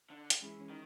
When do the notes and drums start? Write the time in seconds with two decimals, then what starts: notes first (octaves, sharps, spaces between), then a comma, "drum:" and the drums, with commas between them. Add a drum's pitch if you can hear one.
0.10 D3
0.30 drum: hi-hat
0.40 E3 G#3 C#4 E4 G#4
0.70 D#3